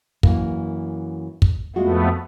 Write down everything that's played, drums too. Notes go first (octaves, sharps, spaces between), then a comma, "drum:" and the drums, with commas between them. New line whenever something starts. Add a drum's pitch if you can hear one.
F#2 E3 A#3, drum: kick
drum: kick
F2 G#3 A3 B3 F4 F#4